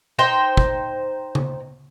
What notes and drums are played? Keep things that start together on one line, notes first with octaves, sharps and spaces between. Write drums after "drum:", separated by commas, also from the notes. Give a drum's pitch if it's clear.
D#4 C5 G5
drum: kick
drum: tom C#3